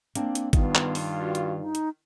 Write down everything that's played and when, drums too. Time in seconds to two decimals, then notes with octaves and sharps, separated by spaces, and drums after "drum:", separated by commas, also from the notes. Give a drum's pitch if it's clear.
0.15 A#3 C4 D4, drum: hi-hat
0.35 drum: hi-hat
0.53 G2 D#3 B3 F4, drum: kick A1, hi-hat
0.75 drum: clap
0.95 drum: open hi-hat
1.20 F#4
1.35 drum: hi-hat
1.61 D#4
1.75 drum: hi-hat